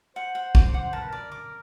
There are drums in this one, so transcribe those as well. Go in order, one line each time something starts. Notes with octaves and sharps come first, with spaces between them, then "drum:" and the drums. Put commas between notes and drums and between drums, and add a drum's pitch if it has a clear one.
C5 F#5
F#5
D6, drum: kick
F#5
A#4 A5
B4
A#4 D5
D6